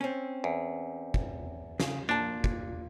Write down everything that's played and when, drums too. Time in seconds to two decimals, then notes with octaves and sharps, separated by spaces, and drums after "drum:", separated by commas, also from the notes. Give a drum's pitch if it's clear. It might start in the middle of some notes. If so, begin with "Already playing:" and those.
0.01 C4 C#4
0.44 E2
1.14 drum: kick
1.80 C#3, drum: snare
2.09 A#2 D4 A5
2.44 drum: kick